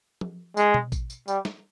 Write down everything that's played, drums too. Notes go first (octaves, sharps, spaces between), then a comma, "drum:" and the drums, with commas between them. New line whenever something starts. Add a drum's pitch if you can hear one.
drum: tom
G#3, drum: tambourine
drum: tom B2
drum: kick A1, tambourine
drum: tambourine
G3, drum: tambourine
drum: snare